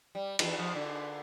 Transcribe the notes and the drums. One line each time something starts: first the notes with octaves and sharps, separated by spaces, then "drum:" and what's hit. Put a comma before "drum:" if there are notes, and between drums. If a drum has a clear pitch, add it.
G3
E2 G#2, drum: cymbal
F3
D3